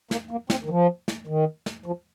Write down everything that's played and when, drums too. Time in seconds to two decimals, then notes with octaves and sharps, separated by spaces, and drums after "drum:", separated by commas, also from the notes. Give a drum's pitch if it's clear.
0.11 A#3, drum: snare
0.31 A#3
0.50 C4, drum: snare
0.64 D#3
0.70 F3
1.08 drum: snare
1.27 D#3
1.66 drum: snare
1.86 F3